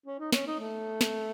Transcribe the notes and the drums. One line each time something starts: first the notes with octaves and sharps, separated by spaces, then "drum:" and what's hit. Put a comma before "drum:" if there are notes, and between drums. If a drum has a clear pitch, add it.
C#4
D#4
C#4, drum: snare
D#4
A3
drum: snare